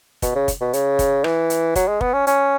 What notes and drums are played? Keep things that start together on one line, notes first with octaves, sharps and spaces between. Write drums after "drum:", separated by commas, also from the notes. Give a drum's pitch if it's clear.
B2, drum: kick, hi-hat
C#3
drum: kick, hi-hat
B2
C#3, drum: hi-hat
drum: kick, hi-hat
E3, drum: rim click
drum: hi-hat
F#3, drum: kick, hi-hat
G#3
B3, drum: kick
C#4
C#4, drum: hi-hat